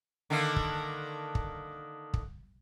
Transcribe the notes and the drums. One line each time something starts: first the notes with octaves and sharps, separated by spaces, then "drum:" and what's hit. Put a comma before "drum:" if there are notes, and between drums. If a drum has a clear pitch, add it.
D3 D#3 A#3
drum: kick
drum: kick
drum: kick